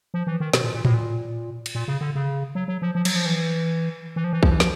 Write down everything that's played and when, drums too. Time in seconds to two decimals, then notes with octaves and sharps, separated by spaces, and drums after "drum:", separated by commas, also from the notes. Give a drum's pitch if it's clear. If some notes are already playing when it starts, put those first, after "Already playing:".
0.14 F3
0.27 E3
0.40 D#3
0.53 B2, drum: snare
0.64 A#2
0.74 A#2
0.85 A2, drum: tom A2
0.94 A#2
1.66 drum: cymbal
1.75 A#2
1.88 C#3
2.01 D3
2.15 C#3
2.55 F#3
2.68 F#3
2.82 F3
2.95 F3
3.05 F#3, drum: cymbal
3.16 F3
3.26 E3
4.16 E3
4.24 F3
4.33 E3
4.43 F3, drum: kick
4.50 E3
4.60 F3, drum: snare